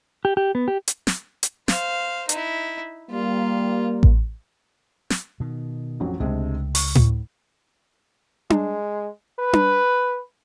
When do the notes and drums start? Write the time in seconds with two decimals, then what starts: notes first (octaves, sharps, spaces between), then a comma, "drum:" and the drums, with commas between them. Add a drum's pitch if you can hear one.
0.25 G4
0.37 G4
0.55 B3
0.68 G4
0.88 drum: hi-hat
1.07 drum: snare
1.43 drum: hi-hat
1.68 C5 F5, drum: snare
2.29 D#4 E4, drum: hi-hat
3.11 G3 A#3 F4
4.03 drum: kick A1
5.10 drum: snare
5.40 B2 D#3
6.00 A1 F2 F#3
6.20 C#2 C3 G#3 A3 D4
6.75 C#6, drum: open hi-hat
6.95 drum: tom A2
8.50 G#3, drum: tom D4
9.39 B4
9.53 drum: tom D4